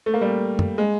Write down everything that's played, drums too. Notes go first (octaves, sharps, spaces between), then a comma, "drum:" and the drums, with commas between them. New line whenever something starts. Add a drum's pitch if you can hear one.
A3
A#3
G3 A3
drum: tom
G#3